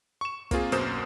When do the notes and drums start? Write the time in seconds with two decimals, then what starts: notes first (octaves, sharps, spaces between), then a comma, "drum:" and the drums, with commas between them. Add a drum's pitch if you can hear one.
0.21 C#6 E7
0.51 A#3 C4 F4 G#4, drum: kick, hi-hat
0.72 F#2 B2 A#3 C5 D#6 E7, drum: hi-hat